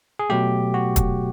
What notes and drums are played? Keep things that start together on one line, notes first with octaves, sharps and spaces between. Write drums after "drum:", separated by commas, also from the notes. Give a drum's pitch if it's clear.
G#4
B2 F#3 A3 G4
F#4
drum: kick, hi-hat